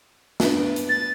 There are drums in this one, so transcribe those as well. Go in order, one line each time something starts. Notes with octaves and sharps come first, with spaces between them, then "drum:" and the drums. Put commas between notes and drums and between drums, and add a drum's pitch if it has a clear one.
B3 D4, drum: snare
drum: hi-hat
A6